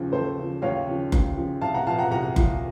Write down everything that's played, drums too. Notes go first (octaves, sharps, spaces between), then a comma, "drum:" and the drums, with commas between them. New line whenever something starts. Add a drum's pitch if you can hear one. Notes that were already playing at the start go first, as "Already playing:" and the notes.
Already playing: D#2 C#3 F3
D#2 A4 C5
C#3 F3
D#2 C#5 F5
C#3 F3
D#2, drum: kick F#1
C#3 F3
C2 F5 A5
F#5 A#5
A#2 F3 F5 A5
F#5 A#5
C2 F#5 A#5
A#2 F3, drum: kick F#1